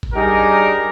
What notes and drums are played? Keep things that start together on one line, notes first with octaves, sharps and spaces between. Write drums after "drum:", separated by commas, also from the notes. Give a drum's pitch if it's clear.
drum: kick A1
G3 D4 D#4 G4 G#4 A#4